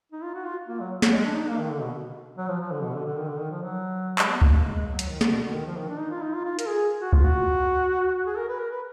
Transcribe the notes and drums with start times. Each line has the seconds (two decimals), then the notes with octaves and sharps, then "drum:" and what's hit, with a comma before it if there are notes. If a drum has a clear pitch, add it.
0.12 D#4
0.23 F4
0.35 F#4
0.46 F4
0.68 A#3
0.80 F#3
1.02 F#3, drum: snare
1.13 G#3
1.25 D4
1.36 D#4
1.48 A#3
1.59 D#3
1.70 D3
1.81 B2
2.38 F#3
2.49 F3
2.60 F3
2.72 D3
2.84 B2
2.95 D3
3.06 D3
3.17 D#3
3.28 D3
3.40 D#3
3.51 F3
3.62 F#3
4.19 G#3, drum: clap
4.30 B3
4.42 A#3, drum: kick C#2
4.53 A#3
4.64 G#3
4.87 F#3
4.99 drum: hi-hat
5.09 D#3
5.21 D3, drum: snare
5.32 B2
5.43 D3
5.54 D#3
5.66 F3
5.77 D#3
5.89 D4
6.00 D#4
6.11 F4
6.22 D#4
6.34 F4
6.45 F4
6.59 A#4, drum: hi-hat
6.67 G#4
7.01 F#4
7.13 F4, drum: kick C#2
7.24 F#4
8.26 G#4
8.37 A#4
8.49 B4
8.60 A#4
8.71 B4